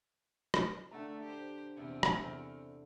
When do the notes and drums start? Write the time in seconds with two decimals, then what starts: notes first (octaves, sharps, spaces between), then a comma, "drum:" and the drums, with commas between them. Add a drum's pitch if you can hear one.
0.54 drum: rim click
0.91 D3 A3 A#5
1.23 G4 C5
1.76 E2 C3 C4
2.03 drum: rim click